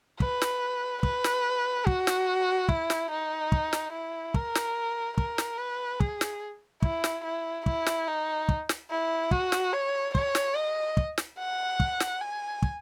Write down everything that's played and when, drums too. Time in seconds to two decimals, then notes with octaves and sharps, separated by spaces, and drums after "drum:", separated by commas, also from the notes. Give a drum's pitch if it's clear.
0.20 B4, drum: kick
0.42 drum: snare
1.03 B4, drum: kick
1.24 drum: snare
1.87 F#4, drum: kick
2.07 drum: snare
2.69 E4, drum: kick
2.90 drum: snare
3.11 D#4
3.52 drum: kick
3.73 drum: snare
3.93 E4
4.34 A#4, drum: kick
4.55 drum: snare
5.18 A#4, drum: kick
5.38 drum: snare
5.58 B4
6.00 G#4, drum: kick
6.21 drum: snare
6.82 E4, drum: kick
7.04 drum: snare
7.24 E4
7.66 E4, drum: kick
7.86 drum: snare
8.08 D#4
8.49 drum: kick
8.69 drum: snare
8.91 E4
9.31 F#4, drum: kick
9.52 drum: snare
9.73 C#5
10.15 C#5, drum: kick
10.35 drum: snare
10.56 D#5
10.97 drum: kick
11.18 drum: snare
11.39 F#5
11.80 drum: kick
12.00 drum: snare
12.21 G#5
12.62 drum: kick